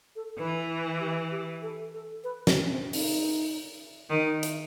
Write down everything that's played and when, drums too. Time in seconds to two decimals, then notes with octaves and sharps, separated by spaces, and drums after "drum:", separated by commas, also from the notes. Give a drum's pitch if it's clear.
0.16 A4
0.39 E3 B4
1.00 G4
1.31 G4
1.62 A4
1.93 A4
2.24 B4
2.47 C4, drum: snare
2.71 C4
2.93 D#4, drum: open hi-hat
4.10 D#3
4.43 drum: hi-hat